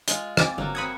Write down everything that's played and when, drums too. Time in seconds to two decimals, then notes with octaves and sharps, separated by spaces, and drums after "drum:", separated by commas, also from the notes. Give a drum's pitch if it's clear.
0.08 G#3 F4, drum: hi-hat
0.37 C4 G#5 D6 A6, drum: rim click
0.58 G1 F#3 A#3
0.75 C4 F#4 B5 D#6 G#6